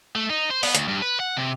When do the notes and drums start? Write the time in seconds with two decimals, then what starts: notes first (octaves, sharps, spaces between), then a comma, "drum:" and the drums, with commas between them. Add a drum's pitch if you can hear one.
0.16 A3
0.30 D#4
0.50 C5
0.63 B3, drum: open hi-hat
0.75 D2, drum: hi-hat
0.89 G2
1.02 B4
1.20 F#5
1.37 C3